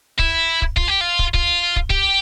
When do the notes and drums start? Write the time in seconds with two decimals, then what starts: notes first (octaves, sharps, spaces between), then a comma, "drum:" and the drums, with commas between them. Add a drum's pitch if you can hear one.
0.19 E4, drum: kick
0.62 drum: kick
0.77 F4, drum: kick
0.88 G4
1.01 F4
1.19 drum: kick
1.34 F4, drum: kick
1.76 drum: kick
1.90 G4, drum: kick